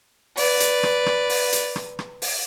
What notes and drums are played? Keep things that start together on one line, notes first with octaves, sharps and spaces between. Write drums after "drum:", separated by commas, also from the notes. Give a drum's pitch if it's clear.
B4 D5, drum: open hi-hat
drum: hi-hat
drum: rim click
drum: rim click
drum: open hi-hat
drum: hi-hat
drum: rim click
drum: rim click
drum: open hi-hat